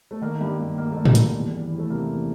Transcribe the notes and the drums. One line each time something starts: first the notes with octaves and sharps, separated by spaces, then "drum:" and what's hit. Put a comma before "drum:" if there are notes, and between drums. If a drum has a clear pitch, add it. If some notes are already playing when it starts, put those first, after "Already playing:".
A3
D#3 A#3
G2
G2
D#3 A#3
D#3 A3
A#3, drum: tom A2
G2, drum: hi-hat
E2
E2
E3
A3
C3 A#3
E2